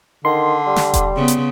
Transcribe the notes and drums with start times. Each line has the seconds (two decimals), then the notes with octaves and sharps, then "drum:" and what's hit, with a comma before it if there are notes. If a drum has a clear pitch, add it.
0.25 D3 D#3 C6
0.67 G3
0.76 drum: snare
0.94 drum: kick E1, hi-hat
1.16 C#3 B3
1.28 drum: hi-hat